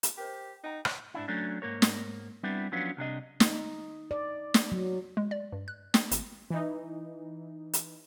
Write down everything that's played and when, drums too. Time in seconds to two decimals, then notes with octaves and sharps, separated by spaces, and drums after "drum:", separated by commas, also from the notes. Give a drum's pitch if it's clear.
0.03 drum: hi-hat
0.18 G4 A#4 C5 D#5
0.64 D#4 F#5 G5 A#5
0.85 drum: rim click
1.14 G#2 D4 E4
1.28 F#3 A3 C#4 D4
1.62 G#2 A#3 A#4 C#5
1.82 drum: snare
2.43 G3 B3 C4 D4 E4
2.72 F3 F#3 B3 C#4 D4 F4
2.97 C2 C3 D4 D#5
3.40 D#4, drum: snare
4.11 D5
4.54 drum: snare
4.72 F#3
5.17 G#3
5.31 D5
5.52 G2
5.68 F#6
5.94 G5, drum: snare
6.11 G#1, drum: hi-hat
6.50 E3 D#4
7.73 drum: hi-hat